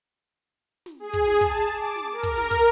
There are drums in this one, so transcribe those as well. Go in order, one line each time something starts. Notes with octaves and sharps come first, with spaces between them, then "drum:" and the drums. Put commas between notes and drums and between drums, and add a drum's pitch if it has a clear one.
drum: snare
G#4
drum: kick
drum: snare
A5, drum: kick
D6
drum: snare
A#4
drum: kick
drum: snare
drum: kick